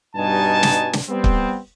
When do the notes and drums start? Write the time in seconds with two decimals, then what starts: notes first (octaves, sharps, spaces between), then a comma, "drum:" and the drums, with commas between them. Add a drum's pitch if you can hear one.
0.16 G2 B2 G3 D#4 G#5 A5
0.63 drum: snare
0.93 drum: snare
1.09 G3 B3 C4
1.24 drum: kick